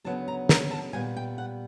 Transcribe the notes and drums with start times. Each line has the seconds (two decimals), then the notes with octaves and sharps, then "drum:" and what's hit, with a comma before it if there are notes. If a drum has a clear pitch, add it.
0.04 D2 C#3 F#3 B3 A5
0.28 A#5
0.49 A#5, drum: snare
0.71 A5
0.93 A#2 G3 B3 G#5
1.16 G5
1.38 F#5